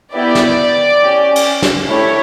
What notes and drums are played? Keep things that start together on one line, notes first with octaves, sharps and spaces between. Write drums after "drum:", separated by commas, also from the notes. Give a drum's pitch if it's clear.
B3 E4 G4 D5
drum: snare
C#4 G4
drum: cymbal
drum: snare
A3 E4 G4 C#5